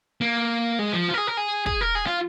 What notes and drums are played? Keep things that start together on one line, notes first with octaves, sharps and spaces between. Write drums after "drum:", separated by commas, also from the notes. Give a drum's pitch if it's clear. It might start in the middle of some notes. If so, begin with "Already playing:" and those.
A#3
G#3
F3
F4
A#4
G#4
A#4
G#4
G#4, drum: kick
A#4
G#4
F4